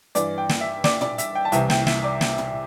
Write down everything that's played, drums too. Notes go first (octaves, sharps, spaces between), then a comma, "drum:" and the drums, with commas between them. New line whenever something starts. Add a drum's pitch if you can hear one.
G2 E3 D5, drum: hi-hat
G5
drum: snare
E5
D5, drum: snare
D5, drum: tom
E5, drum: hi-hat
G5
A5
C2 C3 E3 G5, drum: hi-hat
G5, drum: snare
E5, drum: snare
D5
drum: snare
drum: tom